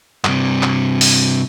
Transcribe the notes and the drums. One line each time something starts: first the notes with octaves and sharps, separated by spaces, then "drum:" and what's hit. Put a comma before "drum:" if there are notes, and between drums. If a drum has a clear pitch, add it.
G2 C3, drum: clap
drum: clap
drum: open hi-hat